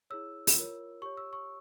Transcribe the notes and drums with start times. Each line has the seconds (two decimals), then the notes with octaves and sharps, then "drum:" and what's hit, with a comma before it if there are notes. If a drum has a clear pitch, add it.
0.10 E4 G#4 C#5 E6
0.47 drum: open hi-hat
0.56 F4 A#4 C#5
1.02 G4 C#5 C#6
1.17 E6
1.33 C#6